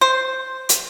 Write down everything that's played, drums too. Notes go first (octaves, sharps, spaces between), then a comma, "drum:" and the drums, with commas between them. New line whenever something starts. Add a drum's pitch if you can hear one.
C5
drum: hi-hat